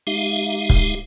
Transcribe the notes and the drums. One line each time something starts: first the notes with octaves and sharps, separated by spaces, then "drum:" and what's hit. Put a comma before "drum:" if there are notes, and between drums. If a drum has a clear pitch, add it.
G#3 D#4 G4 E5 F5
drum: kick